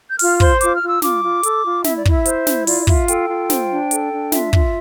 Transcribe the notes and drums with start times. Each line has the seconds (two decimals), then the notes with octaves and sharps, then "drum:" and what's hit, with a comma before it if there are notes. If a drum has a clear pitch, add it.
0.10 G6
0.19 F4 F6, drum: open hi-hat
0.40 C5 C6, drum: kick
0.61 F4 D6, drum: hi-hat
0.74 F6
0.82 F4
0.89 E6
1.02 F4 D6, drum: snare
1.23 F4
1.43 A4, drum: hi-hat
1.64 F4
1.84 E4 E5, drum: snare
1.98 D5
2.05 E4, drum: kick
2.11 E5
2.26 C5, drum: hi-hat
2.47 E4, drum: snare
2.67 F4 D5, drum: open hi-hat
2.82 D5
2.87 F4 E5, drum: kick
3.08 A4 G5, drum: hi-hat
3.29 F4
3.50 C5, drum: snare
3.71 D4
3.91 A4, drum: hi-hat
4.11 D4
4.32 F4 E5, drum: snare
4.53 F4, drum: kick